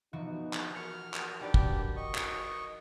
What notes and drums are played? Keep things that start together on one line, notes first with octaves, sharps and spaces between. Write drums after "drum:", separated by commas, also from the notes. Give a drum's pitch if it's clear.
B2 E3 F3 D#4 F#4
drum: clap
F#4 A#4 F6 C#7
drum: clap
D4 D#4 G4 B4 D5
drum: kick
D#5 C#6
drum: clap